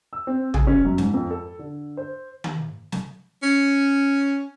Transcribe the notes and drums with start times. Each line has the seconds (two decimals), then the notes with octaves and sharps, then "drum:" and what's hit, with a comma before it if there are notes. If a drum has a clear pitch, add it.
0.13 E6
0.27 C4
0.54 G#4, drum: tom
0.67 C#4
0.85 F#2
0.98 G#2, drum: snare
1.14 F2
1.31 A4
1.59 D3
1.97 C5
2.44 drum: tom D#3
2.92 drum: snare
3.43 C#4